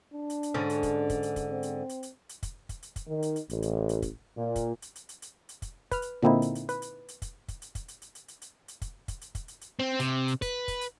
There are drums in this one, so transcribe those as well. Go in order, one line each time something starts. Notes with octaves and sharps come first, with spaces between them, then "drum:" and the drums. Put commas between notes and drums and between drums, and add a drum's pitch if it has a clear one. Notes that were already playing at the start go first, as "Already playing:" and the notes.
D4
drum: hi-hat
drum: hi-hat
G#2 D3 C#4
drum: hi-hat
drum: kick, hi-hat
drum: kick, hi-hat
drum: hi-hat
drum: kick, hi-hat
C4
drum: hi-hat
drum: hi-hat
drum: hi-hat
drum: hi-hat
drum: kick, hi-hat
drum: kick, hi-hat
drum: hi-hat
drum: kick, hi-hat
D#3
drum: hi-hat
drum: hi-hat
A1, drum: hi-hat
drum: hi-hat
drum: hi-hat
drum: kick, hi-hat
A#2
drum: kick, hi-hat
drum: hi-hat
drum: hi-hat
drum: hi-hat
drum: hi-hat
drum: hi-hat
drum: kick, hi-hat
B4 F6, drum: kick, hi-hat
drum: hi-hat
A#2 D3 A#3 C4 D#4 E4
drum: hi-hat
drum: hi-hat
B4, drum: hi-hat
drum: hi-hat
drum: hi-hat
drum: kick, hi-hat
drum: kick, hi-hat
drum: hi-hat
drum: kick, hi-hat
drum: hi-hat
drum: hi-hat
drum: hi-hat
drum: hi-hat
drum: hi-hat
drum: hi-hat
drum: kick, hi-hat
drum: kick, hi-hat
drum: hi-hat
drum: kick, hi-hat
drum: hi-hat
drum: hi-hat
C4
C3, drum: hi-hat
drum: hi-hat
B4, drum: kick, hi-hat
drum: kick, hi-hat
drum: hi-hat